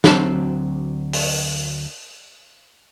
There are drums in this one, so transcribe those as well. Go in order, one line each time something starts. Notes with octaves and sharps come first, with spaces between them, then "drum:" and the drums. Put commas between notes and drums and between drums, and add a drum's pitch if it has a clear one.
D2 F#3 C4 A5, drum: snare
drum: open hi-hat